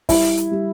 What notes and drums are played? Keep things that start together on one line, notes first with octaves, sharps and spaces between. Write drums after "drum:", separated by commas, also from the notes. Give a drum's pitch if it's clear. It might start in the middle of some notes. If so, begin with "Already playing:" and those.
G3 E4, drum: kick, open hi-hat
drum: hi-hat
G3